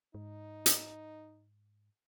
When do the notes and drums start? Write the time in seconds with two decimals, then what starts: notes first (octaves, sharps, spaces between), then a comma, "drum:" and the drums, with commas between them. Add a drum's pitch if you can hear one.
0.15 G#2 D#4
0.66 drum: hi-hat